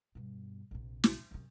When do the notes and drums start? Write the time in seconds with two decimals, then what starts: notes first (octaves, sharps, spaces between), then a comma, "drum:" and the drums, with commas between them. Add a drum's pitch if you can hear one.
0.15 G2 B2
0.71 A#1 C3
1.04 drum: snare
1.31 F#2 C3